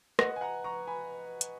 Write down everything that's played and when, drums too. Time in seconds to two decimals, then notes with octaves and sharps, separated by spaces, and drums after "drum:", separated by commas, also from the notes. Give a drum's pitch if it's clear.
0.19 B4 D#5 F#5, drum: rim click
0.36 G#5
0.41 F#5 A#5
0.64 A#5 C#6
0.87 G#5 B5
1.41 drum: hi-hat